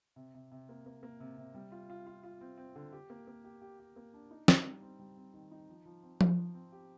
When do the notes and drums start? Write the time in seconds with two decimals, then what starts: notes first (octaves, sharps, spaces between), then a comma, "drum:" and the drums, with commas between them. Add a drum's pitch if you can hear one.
0.16 C3
0.35 C3
0.51 C3
0.69 A#3
0.86 A#3
1.03 A#3
1.20 C3
1.38 C3
1.54 G3
1.72 F4
1.90 F4
2.07 F4
2.23 F4
2.41 C4
2.58 C4
2.75 D3
2.92 G4
3.10 A#3
3.27 A#3
3.44 G4
3.62 G4
3.79 G4
3.96 A#3
4.14 D4
4.31 D#4
4.48 D#4, drum: snare
4.65 G3
4.82 C4
5.00 G3
5.17 C4
5.34 D#3
5.51 D#4
5.69 F3
5.85 F3
6.03 C4
6.21 C4, drum: tom F3
6.37 F3
6.54 C4
6.72 G4